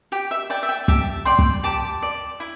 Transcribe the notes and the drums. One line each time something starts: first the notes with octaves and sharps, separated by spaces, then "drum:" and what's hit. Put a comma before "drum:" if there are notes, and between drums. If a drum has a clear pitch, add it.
G4 G5
E5
D5 G5
E5
G5
G4 E5 A5, drum: kick
D5 G5 C6
drum: kick
G4 A5 D6
D5
E4